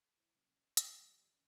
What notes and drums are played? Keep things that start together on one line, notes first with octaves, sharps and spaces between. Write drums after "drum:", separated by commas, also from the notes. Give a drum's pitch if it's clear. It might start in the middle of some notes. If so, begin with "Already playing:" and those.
E4 C5
C3 F#3 A#3 C#4
D4 F4 F#4 F5, drum: hi-hat
G#2 D3 F3 G3 G#3 D#4
D#3 F3 A#3 F4 G4 D5
G2 E3 C#4